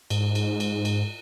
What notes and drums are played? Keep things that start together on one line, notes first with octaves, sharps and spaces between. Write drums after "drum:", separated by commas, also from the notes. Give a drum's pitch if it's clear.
G#2, drum: cymbal
drum: cymbal
drum: cymbal
drum: cymbal